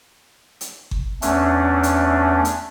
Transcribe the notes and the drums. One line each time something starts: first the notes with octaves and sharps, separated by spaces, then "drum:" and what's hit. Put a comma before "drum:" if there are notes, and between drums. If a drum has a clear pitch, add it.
drum: hi-hat
drum: kick G1
E2 A3 C#4 D4, drum: hi-hat
drum: hi-hat
drum: hi-hat